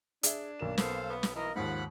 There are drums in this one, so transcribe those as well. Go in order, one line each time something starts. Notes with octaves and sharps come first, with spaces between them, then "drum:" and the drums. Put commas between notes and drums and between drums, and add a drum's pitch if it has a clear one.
D4 G#4 E5, drum: hi-hat
B1 A#3 E7
B3 A4 C5 F5, drum: snare
B3
drum: snare
E3 A#4 D#5
D#2 G#2 F3 F#5 B5 F#6